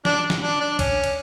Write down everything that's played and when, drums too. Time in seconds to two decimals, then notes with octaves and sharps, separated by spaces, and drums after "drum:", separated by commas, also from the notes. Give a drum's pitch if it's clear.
0.05 D4, drum: snare
0.30 drum: snare
0.42 D4
0.61 D4
0.79 C#4, drum: kick B1, cymbal
1.04 drum: cymbal